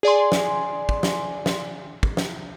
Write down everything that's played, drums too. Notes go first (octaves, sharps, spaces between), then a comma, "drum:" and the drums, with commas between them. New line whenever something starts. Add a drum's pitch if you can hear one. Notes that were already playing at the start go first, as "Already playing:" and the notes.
G#4 D5 G#5 C6
drum: snare
drum: kick
drum: snare
drum: snare
drum: kick
drum: snare